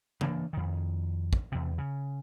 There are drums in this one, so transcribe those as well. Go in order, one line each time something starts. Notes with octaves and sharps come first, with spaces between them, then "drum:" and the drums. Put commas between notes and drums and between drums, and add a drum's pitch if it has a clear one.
E3 A#3 D4, drum: tom C#3
F2 D#3
drum: kick
E2 C3
C#3